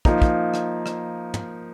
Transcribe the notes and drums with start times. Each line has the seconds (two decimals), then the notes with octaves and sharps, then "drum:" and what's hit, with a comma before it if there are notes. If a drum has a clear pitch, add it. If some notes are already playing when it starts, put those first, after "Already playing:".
0.05 F3 A#3 D#4, drum: kick
0.22 drum: kick
0.54 drum: rim click
0.86 drum: rim click
1.34 drum: tom